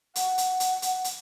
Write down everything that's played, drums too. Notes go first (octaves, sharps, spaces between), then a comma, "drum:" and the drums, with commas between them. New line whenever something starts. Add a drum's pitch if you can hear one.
F#5, drum: hi-hat
drum: hi-hat
drum: hi-hat
drum: hi-hat
drum: hi-hat